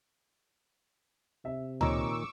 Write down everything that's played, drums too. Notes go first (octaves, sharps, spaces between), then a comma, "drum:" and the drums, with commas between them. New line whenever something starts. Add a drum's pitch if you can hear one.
C3 E5
A#2 D#3 C#5 D#5 A#5 C#6 D6 E6, drum: tom C#2